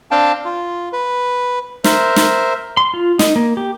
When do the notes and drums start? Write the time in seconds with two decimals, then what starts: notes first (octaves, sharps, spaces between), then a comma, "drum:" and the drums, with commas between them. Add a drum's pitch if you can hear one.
0.11 C4 D4 F5 G5 A5
0.45 F4
0.93 B4
1.84 A#4 C5 E5, drum: snare
2.16 drum: snare
2.77 C6
2.94 F4
3.19 D#4, drum: snare
3.36 A#3
3.57 G4